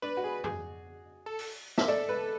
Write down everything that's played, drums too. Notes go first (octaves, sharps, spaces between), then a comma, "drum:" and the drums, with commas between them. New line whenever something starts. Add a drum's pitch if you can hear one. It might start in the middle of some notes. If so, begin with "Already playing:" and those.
D4 B4
F#4
G#4
G#4, drum: tom F2
A4
drum: open hi-hat
E5, drum: snare
A4 D5
B4